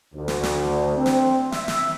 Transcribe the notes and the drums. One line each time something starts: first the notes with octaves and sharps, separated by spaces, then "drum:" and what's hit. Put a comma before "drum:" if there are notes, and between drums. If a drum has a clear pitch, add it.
D2
drum: snare
drum: snare
C4
drum: snare
E5, drum: snare
drum: snare